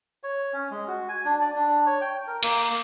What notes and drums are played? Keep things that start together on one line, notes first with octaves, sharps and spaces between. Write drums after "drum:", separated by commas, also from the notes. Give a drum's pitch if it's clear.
C#5
C#4
G#3
F#4
G#5
D4
D5
D4
C#5
G5
A#4
A#3, drum: cymbal